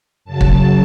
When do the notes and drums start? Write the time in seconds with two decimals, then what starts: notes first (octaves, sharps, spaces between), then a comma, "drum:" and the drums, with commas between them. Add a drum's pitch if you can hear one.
0.25 F#2 C#3 F#3 A5
0.41 drum: kick